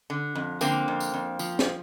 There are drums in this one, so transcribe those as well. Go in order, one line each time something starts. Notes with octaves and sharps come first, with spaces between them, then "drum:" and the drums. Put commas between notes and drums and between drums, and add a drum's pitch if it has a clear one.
D3
F2
D3 A#3 C4, drum: tambourine
F2
drum: tambourine
F2
F3, drum: tambourine
drum: snare